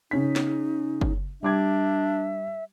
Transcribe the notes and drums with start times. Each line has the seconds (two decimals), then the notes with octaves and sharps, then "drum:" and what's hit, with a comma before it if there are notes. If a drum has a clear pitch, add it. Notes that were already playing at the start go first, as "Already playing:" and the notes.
0.11 C#3 C#4 D#4 B6
0.36 drum: snare
1.01 drum: kick F#1
1.43 G3 D4 E5 D6 G#6